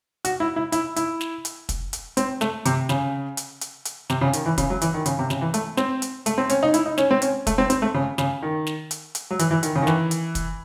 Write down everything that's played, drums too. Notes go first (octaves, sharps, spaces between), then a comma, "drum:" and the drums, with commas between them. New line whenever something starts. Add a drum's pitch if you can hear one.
F#4, drum: hi-hat
E4
E4
E4, drum: hi-hat
E4, drum: hi-hat
drum: snare
drum: hi-hat
drum: kick, hi-hat
drum: hi-hat
C4, drum: hi-hat
A3, drum: snare
C3, drum: hi-hat
C#3, drum: snare
drum: hi-hat
drum: hi-hat
drum: hi-hat
C3, drum: snare
C#3
D#3, drum: hi-hat
E3
C#3, drum: kick, hi-hat
F#3
E3, drum: hi-hat
D#3
C#3, drum: hi-hat
C3
C#3, drum: snare
E3
A3, drum: hi-hat
C4, drum: snare
drum: hi-hat
A3, drum: hi-hat
C4
C#4, drum: hi-hat
D#4
E4, drum: hi-hat
D#4
C#4, drum: snare
C4
C#4, drum: hi-hat
A3, drum: kick, hi-hat
C4
C4, drum: hi-hat
A3
C#3
C#3, drum: snare
D#3
drum: snare
drum: hi-hat
drum: hi-hat
F#3
E3, drum: hi-hat
E3
D#3, drum: hi-hat
C#3
D#3
E3, drum: snare
drum: hi-hat
drum: kick, hi-hat